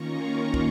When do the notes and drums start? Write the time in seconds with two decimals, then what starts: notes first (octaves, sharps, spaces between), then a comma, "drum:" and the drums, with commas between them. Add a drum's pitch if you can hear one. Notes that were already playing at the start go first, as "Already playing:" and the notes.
Already playing: D#3 A#3 C#4 F4 A#5 C#6
0.54 drum: kick